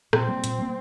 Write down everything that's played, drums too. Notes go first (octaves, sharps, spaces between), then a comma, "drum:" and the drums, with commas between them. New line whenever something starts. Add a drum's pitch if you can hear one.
A#2 C4, drum: rim click
G3 A#3
A#2, drum: hi-hat
G3 A#3